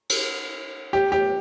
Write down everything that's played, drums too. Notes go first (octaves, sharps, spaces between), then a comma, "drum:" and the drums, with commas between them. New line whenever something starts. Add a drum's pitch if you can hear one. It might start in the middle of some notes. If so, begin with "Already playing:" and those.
drum: cymbal
G4
G4